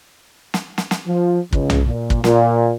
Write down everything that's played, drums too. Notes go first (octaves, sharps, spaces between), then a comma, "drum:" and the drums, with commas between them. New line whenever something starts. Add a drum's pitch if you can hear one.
drum: snare
drum: snare
drum: snare
F3
C#2, drum: kick
drum: tom B1
A#2
drum: kick
A#2, drum: snare